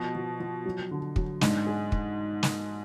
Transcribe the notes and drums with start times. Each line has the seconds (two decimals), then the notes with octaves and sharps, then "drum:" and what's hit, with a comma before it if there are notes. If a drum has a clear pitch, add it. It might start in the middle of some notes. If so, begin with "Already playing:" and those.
Already playing: B2 F3
0.15 F3
0.40 F3
0.66 F#3
0.91 D3
1.16 F#3, drum: kick
1.41 G#2 D4, drum: snare
1.67 G#4
1.92 drum: kick
2.43 drum: snare